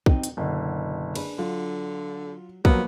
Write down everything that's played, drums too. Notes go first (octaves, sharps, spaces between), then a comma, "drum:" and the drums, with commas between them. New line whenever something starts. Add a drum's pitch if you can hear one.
C4 D#4 G5, drum: kick
drum: hi-hat
F#1 B2 D3
D4 G#4 B4, drum: cymbal
D3 F#3 F4
F3 F#3 A#3 B3, drum: kick